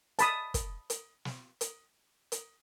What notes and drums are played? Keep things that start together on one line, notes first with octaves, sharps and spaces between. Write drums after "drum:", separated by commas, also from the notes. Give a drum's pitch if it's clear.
A5 B5 D#6, drum: hi-hat
drum: kick, hi-hat
drum: hi-hat
drum: snare
drum: hi-hat
drum: hi-hat